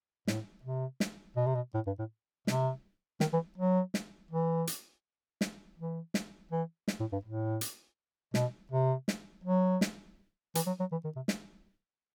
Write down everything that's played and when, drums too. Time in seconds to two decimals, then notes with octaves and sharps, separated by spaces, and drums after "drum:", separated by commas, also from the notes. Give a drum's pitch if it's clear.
0.27 A2, drum: snare
0.63 C3
1.00 drum: snare
1.36 B2
1.46 C3
1.55 B2
1.74 A2
1.86 G2
1.99 A2
2.47 C3, drum: snare
3.20 D#3, drum: snare
3.33 E3
3.58 F#3
3.94 drum: snare
4.31 E3
4.67 drum: hi-hat
5.41 drum: snare
5.78 E3
6.14 drum: snare
6.51 E3
6.88 drum: snare
7.00 A2
7.12 G2
7.25 A2
7.61 drum: hi-hat
8.34 B2, drum: snare
8.72 C3
9.08 drum: snare
9.44 F#3
9.81 drum: snare
10.55 E3, drum: hi-hat
10.67 F#3
10.80 F#3
10.92 E3
11.04 D#3
11.16 C3
11.28 drum: snare